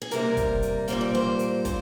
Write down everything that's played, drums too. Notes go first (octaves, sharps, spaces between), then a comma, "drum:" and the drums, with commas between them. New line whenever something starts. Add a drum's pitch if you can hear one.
G#4
C3 G3 A#3 A#4, drum: hi-hat
drum: kick, hi-hat
drum: hi-hat
A#2 G3 A#3 C5, drum: hi-hat
D5
C5, drum: snare
drum: hi-hat
A#2 C5, drum: kick, hi-hat